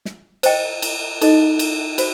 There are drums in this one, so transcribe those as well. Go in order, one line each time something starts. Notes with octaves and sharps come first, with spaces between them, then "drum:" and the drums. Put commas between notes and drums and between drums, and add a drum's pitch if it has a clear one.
drum: snare
C5 D#5 G5, drum: cymbal
drum: cymbal
D#4 A4 D#5, drum: cymbal
drum: cymbal
F#4 C5, drum: cymbal